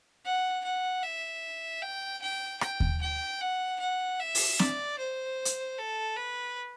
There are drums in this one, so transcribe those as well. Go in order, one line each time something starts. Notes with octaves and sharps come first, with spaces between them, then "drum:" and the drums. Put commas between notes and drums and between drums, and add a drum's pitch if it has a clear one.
F#5
F#5
E5
G5
G5
G5, drum: rim click
drum: kick D#2
G5
F#5
F#5
E5
drum: open hi-hat
D5, drum: snare C4
C5
drum: hi-hat
A4
B4